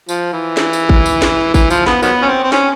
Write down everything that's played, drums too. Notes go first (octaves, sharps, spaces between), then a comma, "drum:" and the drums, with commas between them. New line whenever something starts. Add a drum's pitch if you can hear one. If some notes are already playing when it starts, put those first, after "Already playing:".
F3, drum: tambourine
E3
drum: snare
drum: tambourine
drum: kick G#1
drum: tambourine
drum: snare
E3, drum: kick G#1, tambourine
F3, drum: tambourine
B3, drum: snare
D#3 F#3 B3, drum: tambourine
C#4
C4
C4
C#4, drum: snare